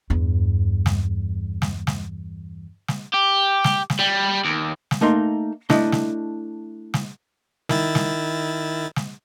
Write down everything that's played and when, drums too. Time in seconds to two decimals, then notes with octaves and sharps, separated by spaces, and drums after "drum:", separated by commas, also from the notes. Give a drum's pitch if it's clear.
0.10 E2 G2
0.86 drum: snare
1.62 drum: snare
1.87 drum: snare
2.88 drum: snare
3.14 G4
3.64 drum: snare
3.90 drum: snare
3.99 G3
4.45 D#2
4.91 drum: snare
5.01 A3 A#3 D#4 C6
5.70 A3 D4 E4 D#5 E5, drum: snare
5.92 drum: snare
6.94 drum: snare
7.69 D#3 E4 A6, drum: snare
7.95 drum: snare
8.96 drum: snare